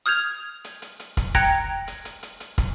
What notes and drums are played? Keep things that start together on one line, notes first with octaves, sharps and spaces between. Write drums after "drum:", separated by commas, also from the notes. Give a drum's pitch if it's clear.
D#6 F6 G6 G#6 F7
drum: hi-hat
drum: hi-hat
drum: hi-hat
drum: kick, hi-hat
G5 A#5 F#6 G#6 A#6 C#7, drum: kick, hi-hat
drum: hi-hat
drum: hi-hat
drum: hi-hat
drum: hi-hat
drum: kick, hi-hat